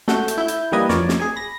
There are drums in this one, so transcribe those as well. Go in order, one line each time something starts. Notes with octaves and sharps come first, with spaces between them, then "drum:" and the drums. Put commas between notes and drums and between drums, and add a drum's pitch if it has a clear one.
A3 F#4 G6, drum: snare
drum: hi-hat
E4 G6
drum: hi-hat
E3 G3 A#3 B4 D#5 G#6
F2 A#4 C#5 D5, drum: snare
drum: snare
G#4 G#5
B5 A#6